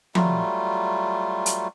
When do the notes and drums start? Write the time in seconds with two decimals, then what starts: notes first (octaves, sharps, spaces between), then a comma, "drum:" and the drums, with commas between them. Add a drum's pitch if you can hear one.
0.15 F#3 G3 A3 F4, drum: tom F3
1.46 drum: hi-hat